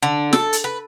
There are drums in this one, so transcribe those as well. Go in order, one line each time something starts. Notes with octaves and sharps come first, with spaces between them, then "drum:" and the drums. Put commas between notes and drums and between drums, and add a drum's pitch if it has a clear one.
D3
A4, drum: snare
drum: hi-hat
B4